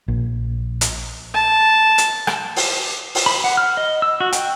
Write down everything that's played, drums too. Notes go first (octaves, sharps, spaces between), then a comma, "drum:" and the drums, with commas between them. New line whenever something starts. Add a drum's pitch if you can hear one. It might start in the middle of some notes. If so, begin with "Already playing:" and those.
A#1
drum: hi-hat
A5
drum: hi-hat
drum: rim click
drum: open hi-hat
drum: open hi-hat
B5
F#5
F6
D#5
E6
F#4
G5, drum: hi-hat